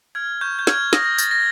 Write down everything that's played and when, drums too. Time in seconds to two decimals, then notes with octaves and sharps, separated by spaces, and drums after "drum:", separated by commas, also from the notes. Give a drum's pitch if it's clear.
0.15 F6 G#6
0.41 C#6 G6
0.59 G6
0.67 F6 G#6, drum: snare
0.93 D#6 A#6, drum: snare
1.05 A#6
1.18 G6 A6, drum: tambourine
1.31 A#6